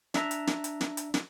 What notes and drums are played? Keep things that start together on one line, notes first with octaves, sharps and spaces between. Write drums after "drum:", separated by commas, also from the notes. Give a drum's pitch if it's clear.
D4 E5 A#5, drum: snare
drum: hi-hat
drum: snare
drum: hi-hat
drum: snare
drum: hi-hat
drum: snare